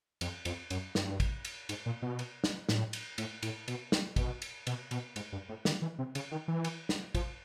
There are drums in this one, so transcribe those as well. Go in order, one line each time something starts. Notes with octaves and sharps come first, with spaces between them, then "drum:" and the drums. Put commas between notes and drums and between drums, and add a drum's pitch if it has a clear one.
F2, drum: cymbal
F2, drum: cymbal
F#2, drum: cymbal
G2, drum: snare
drum: kick, cymbal
drum: cymbal
G#2, drum: cymbal
A#2
B2
drum: cymbal
drum: snare
A2, drum: snare
drum: cymbal
A2, drum: cymbal
A2, drum: cymbal
B2, drum: cymbal
drum: snare
B2, drum: kick, cymbal
drum: cymbal
B2, drum: cymbal
B2, drum: cymbal
G#2, drum: cymbal
G2
A2
D#3, drum: snare
E3
C3
C#3, drum: cymbal
D#3
E3
drum: cymbal
drum: snare
F3, drum: kick, cymbal